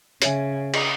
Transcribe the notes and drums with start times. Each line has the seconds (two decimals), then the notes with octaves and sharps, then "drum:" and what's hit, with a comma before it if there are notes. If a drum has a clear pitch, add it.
0.22 C#3 C#5 E5 G#5, drum: hi-hat
0.74 G#4 D#5 A#5 D#6, drum: cymbal